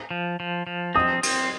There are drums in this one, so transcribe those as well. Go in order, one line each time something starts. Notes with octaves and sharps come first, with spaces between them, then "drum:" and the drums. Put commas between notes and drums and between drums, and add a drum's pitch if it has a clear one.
F3
F3
F3
C4 D#6
C4, drum: cymbal